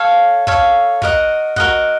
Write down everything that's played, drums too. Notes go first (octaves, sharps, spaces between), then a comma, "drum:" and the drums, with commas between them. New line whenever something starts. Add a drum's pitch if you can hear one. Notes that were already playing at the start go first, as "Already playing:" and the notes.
Already playing: A4 C#5 F5
A4 C#5 F5, drum: kick
F#4 A#4 D#5 F#5, drum: kick
F#4 A#4 D#5 F#5, drum: kick